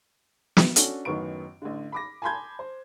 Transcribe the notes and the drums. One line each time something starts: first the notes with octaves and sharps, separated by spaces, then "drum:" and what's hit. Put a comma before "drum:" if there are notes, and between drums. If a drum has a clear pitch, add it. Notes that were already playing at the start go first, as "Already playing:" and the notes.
drum: snare
C#4 D4 F#4 A4, drum: hi-hat
A1 F#2 D#3 B3 C#6 D7
A1 D3
B5 D6 A#6
G#5 A5 B5 C6 G6 G#6
C5